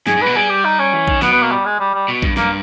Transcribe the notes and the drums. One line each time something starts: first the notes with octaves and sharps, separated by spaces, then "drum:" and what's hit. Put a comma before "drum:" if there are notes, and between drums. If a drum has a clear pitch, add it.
G#2 G#4, drum: snare
G#2
B2 B4
G3 G#4
G4
D#4
C#4
E3
D#3, drum: kick A#1
B2 B3, drum: snare
B3
A#3
G3
G#3
G3
G3
B2
G2, drum: kick A#1
G2 A#3, drum: snare